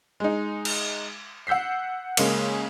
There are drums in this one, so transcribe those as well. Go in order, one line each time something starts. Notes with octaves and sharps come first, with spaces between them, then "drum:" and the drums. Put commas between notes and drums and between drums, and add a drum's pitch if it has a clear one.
G#3 D#4
drum: cymbal
F#5 E6 G6 B6 C7
C#3 G#3 A#3, drum: cymbal